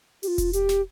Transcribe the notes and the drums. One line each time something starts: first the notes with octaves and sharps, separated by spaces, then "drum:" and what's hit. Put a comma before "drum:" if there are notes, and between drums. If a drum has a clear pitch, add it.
G4, drum: open hi-hat
F4
drum: kick E1, hi-hat
G4, drum: hi-hat
drum: snare